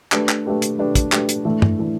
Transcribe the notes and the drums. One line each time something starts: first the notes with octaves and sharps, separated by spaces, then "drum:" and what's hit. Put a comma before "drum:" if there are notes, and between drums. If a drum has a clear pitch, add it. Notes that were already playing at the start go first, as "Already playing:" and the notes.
A3 D4 G4 B4, drum: clap
drum: clap
A3 D4 G4 B4
drum: hi-hat
A3 D4 G4 B4
drum: kick, hi-hat
A3 D4 G4 B4, drum: clap
drum: hi-hat
A2 E3 A3 D4
drum: tom G2
A2 E3 A3 D4